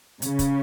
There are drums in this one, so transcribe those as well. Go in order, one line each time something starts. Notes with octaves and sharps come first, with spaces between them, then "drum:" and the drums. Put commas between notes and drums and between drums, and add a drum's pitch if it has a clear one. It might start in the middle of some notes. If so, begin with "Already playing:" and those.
C#3, drum: hi-hat
drum: kick, hi-hat